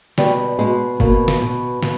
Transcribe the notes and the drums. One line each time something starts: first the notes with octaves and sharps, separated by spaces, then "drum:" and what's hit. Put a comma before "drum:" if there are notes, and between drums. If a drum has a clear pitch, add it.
B2 G3, drum: snare
B2 G#3
B2 A#3, drum: kick G1
drum: snare
B2
B2, drum: snare